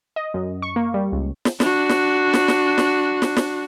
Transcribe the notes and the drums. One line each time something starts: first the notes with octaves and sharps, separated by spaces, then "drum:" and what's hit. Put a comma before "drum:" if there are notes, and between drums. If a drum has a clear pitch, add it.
D#5
F#2
C#6
A#3
G3
C#2
drum: snare
D4 F#4, drum: snare
drum: snare
drum: snare
drum: snare
drum: snare
drum: snare
drum: snare